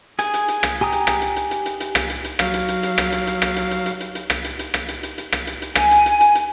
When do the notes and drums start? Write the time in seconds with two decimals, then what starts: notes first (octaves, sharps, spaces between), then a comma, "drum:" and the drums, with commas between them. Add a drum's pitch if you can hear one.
0.19 G#4 G#5, drum: hi-hat
0.34 drum: hi-hat
0.48 drum: hi-hat
0.63 drum: rim click
0.81 G4 G#5 A#5 D#6
0.92 drum: hi-hat
1.07 drum: rim click
1.22 drum: hi-hat
1.36 drum: hi-hat
1.51 drum: hi-hat
1.66 drum: hi-hat
1.80 drum: hi-hat
1.95 drum: rim click
2.10 drum: hi-hat
2.24 drum: hi-hat
2.39 F#3 F5, drum: rim click
2.54 drum: hi-hat
2.68 drum: hi-hat
2.83 drum: hi-hat
2.98 drum: rim click
3.12 drum: hi-hat
3.27 drum: hi-hat
3.42 drum: rim click
3.56 drum: hi-hat
3.71 drum: hi-hat
3.86 drum: hi-hat
4.00 drum: hi-hat
4.15 drum: hi-hat
4.30 drum: rim click
4.44 drum: hi-hat
4.59 drum: hi-hat
4.74 drum: rim click
4.88 drum: hi-hat
5.03 drum: hi-hat
5.18 drum: hi-hat
5.32 drum: rim click
5.47 drum: hi-hat
5.62 drum: hi-hat
5.75 G#5, drum: rim click
5.91 drum: hi-hat
6.06 drum: hi-hat
6.20 drum: hi-hat
6.35 drum: hi-hat